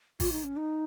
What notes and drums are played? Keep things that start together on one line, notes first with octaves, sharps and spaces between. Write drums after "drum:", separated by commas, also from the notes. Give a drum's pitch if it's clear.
F4, drum: kick G#1, open hi-hat
D#4
C#4
D#4